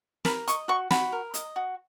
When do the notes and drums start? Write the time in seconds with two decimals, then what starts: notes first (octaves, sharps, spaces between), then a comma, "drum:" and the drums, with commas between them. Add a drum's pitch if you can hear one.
0.25 A#4 B5, drum: snare
0.47 D#5 C#6, drum: hi-hat
0.68 F#4 C#6
0.91 F#4 B5, drum: snare
1.12 A#4
1.34 D#5, drum: hi-hat
1.56 F#4